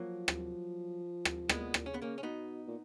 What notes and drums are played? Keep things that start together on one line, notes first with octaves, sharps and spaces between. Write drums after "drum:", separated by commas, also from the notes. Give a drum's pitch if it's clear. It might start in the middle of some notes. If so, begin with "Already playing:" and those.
Already playing: F3 F#3 A#3
drum: rim click
drum: rim click
A#2 G#3 B3, drum: rim click
drum: rim click
C#3 C#4
B3
A#3 C#4
C#4
B2 B3 D#4
A#2